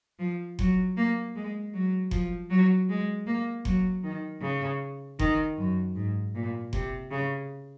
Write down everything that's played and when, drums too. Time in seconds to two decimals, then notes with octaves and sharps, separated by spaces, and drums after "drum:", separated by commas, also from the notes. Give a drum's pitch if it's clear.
0.19 F3
0.59 F#3, drum: kick F#1
0.97 A#3
1.36 G#3
1.74 F#3
2.11 F3, drum: kick F#1
2.50 F#3
2.89 G#3
3.27 A#3
3.65 F#3, drum: kick F#1
4.03 D#3
4.42 C#3
5.19 D#3, drum: kick F#1
5.58 F#2
5.95 G#2
6.35 A#2
6.73 C3, drum: kick F#1
7.11 C#3